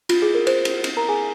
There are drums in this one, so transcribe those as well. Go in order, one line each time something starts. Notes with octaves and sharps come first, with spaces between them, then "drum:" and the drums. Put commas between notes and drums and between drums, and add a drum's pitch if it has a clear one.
F4, drum: cymbal
G#4
A#4
C5, drum: cymbal
drum: cymbal
drum: cymbal
A#4 A#5
G#4 G#5